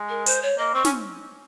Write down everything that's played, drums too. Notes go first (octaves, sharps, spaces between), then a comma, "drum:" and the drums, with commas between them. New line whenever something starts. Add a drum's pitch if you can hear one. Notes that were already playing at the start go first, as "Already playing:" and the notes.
Already playing: G#3
A#4
C5, drum: hi-hat
C#5
A#3 D#5
C4 C#6
C#4, drum: snare